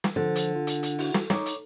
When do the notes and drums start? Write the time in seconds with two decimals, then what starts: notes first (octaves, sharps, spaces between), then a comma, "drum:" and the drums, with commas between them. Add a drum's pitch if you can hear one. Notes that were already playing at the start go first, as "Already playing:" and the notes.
0.04 drum: snare
0.16 D3 F3 C5
0.36 drum: hi-hat
0.55 F4
0.67 drum: hi-hat
0.83 drum: hi-hat
0.99 E4 F#4, drum: open hi-hat
1.14 drum: snare
1.30 D#4 C#5 C#6 D6, drum: snare
1.46 drum: hi-hat